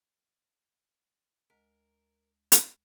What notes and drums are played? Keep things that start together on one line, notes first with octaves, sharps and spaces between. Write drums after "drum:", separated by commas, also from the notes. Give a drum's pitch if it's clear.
D2 G#3 A#4 D#5
drum: hi-hat